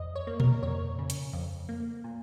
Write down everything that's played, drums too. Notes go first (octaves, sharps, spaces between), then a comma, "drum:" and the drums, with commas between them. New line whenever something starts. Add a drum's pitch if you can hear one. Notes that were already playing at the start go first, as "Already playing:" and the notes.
Already playing: F2 D#5
C#5
A#3
A#4, drum: tom A#2
F2 C#5
C#3
drum: hi-hat
F2
A#3
A#2